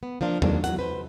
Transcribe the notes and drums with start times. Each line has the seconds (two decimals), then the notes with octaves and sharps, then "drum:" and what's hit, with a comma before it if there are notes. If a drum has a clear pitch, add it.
0.03 B3
0.21 F3 A#3 D4 F4
0.42 D#3 G#3 A#3 D4, drum: tom E2
0.64 E2 F#3 F#5, drum: hi-hat
0.79 B4 C5